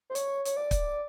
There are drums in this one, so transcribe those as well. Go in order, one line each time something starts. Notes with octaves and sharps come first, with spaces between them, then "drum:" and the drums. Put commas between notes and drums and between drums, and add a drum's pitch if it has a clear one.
C5
C#5, drum: hi-hat
C#5, drum: hi-hat
D5
drum: kick, hi-hat